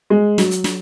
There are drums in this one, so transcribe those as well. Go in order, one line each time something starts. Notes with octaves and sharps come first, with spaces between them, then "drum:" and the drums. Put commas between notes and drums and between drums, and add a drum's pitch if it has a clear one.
G#3
F#3, drum: snare
drum: hi-hat
drum: snare